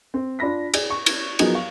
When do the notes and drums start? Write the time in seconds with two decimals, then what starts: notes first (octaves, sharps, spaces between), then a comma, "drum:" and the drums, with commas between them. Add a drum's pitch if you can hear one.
0.14 C4
0.39 D4 F4 B5 A#6 B6
0.74 G#4 D5, drum: cymbal
0.90 C#6
1.06 drum: cymbal
1.39 F3 F#3 B3 D#4 G#4 A#4, drum: cymbal
1.55 F5 C#6